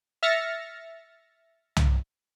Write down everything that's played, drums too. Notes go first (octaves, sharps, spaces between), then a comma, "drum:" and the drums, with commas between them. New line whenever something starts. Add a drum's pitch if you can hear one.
E5 F6 A6 A#6 C#7
drum: tom C2